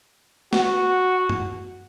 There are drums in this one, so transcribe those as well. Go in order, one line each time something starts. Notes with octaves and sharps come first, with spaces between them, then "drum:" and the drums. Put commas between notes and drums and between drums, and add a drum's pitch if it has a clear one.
F#4, drum: snare
drum: tom